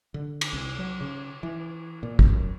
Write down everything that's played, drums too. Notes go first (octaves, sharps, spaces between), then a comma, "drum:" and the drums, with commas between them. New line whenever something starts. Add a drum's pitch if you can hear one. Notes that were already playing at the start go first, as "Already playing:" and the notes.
D3
drum: cymbal
C2
F#3
C#3
E3
A#2
drum: kick
F#2